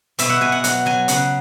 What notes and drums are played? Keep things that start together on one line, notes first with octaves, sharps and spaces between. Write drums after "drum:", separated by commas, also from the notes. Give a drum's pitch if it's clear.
B2 E5, drum: hi-hat
F#5
B2 G#5
F#5
F#3 F#5, drum: hi-hat
F#3 G#5
C#3 F#5, drum: hi-hat